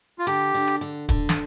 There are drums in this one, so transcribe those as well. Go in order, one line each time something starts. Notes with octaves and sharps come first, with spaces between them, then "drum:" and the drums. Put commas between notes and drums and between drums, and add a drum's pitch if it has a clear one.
F4
D3 G4, drum: hi-hat
D3
drum: hi-hat
D3
D3, drum: kick, hi-hat
drum: snare